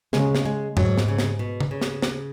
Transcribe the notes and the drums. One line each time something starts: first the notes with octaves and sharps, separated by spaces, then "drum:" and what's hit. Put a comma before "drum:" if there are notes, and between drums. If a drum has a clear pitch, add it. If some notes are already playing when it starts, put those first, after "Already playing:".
C#3 G#3, drum: snare
drum: snare
G#3
G#2 F#3, drum: tom F2
drum: snare
C#3
drum: snare
B2
drum: tom C#3
C#3
drum: snare
drum: snare